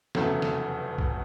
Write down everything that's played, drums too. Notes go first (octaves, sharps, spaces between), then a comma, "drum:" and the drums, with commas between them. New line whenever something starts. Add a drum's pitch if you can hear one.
F1 E2 C#3 F#3 A3, drum: snare
drum: snare
drum: kick B1